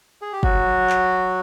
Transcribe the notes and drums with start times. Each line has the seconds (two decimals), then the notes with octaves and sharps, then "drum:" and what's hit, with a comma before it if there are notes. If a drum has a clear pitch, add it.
0.22 G#4
0.33 G4
0.43 F#3 F#4, drum: kick
0.90 drum: clap